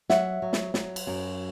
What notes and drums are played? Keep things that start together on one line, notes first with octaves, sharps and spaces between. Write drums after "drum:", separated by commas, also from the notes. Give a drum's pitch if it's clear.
F#3 E5 F#5, drum: snare
F#3
drum: snare
F#3, drum: snare
drum: cymbal
F#2